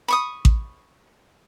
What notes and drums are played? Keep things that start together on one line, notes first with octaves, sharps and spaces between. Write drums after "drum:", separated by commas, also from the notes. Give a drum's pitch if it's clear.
B5 C#6 D#6
drum: kick A1